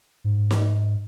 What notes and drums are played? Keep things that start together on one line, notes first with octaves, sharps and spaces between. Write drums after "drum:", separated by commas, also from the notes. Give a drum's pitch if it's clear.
G#2
drum: snare